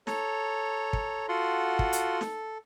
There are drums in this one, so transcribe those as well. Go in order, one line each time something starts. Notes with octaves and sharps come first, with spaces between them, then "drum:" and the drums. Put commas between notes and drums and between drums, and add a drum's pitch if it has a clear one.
A4 C#5 A#5, drum: snare
drum: kick
F4 F#4 A4 F#5 C6
drum: kick
drum: hi-hat
A4, drum: snare